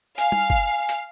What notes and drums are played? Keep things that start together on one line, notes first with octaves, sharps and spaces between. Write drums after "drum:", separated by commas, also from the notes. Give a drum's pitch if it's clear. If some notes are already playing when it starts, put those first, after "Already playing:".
F5 G#5, drum: hi-hat
drum: tom
drum: kick
drum: hi-hat